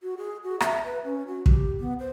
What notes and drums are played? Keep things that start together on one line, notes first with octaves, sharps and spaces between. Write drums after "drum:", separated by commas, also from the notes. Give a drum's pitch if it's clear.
F#4
G#4
F#4
E5, drum: rim click
B4
C#4
F#4
G4, drum: kick
B3
C5